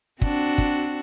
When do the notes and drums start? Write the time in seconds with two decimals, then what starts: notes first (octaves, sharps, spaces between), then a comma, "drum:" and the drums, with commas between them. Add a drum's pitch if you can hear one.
0.21 C4 D4 F#4, drum: kick
0.58 drum: kick